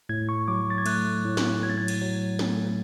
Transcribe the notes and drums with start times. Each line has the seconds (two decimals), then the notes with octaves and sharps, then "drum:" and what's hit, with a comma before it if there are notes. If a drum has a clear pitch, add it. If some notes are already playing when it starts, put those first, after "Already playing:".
0.09 A2 G#6
0.29 C#6
0.48 F#3 D6
0.70 A6
0.78 G#6
0.86 A3 F#6, drum: cymbal
1.24 A2
1.37 drum: snare
1.62 F#3 G#6
1.70 A6
1.78 G#6
1.88 drum: cymbal
2.01 F#3
2.39 A3, drum: snare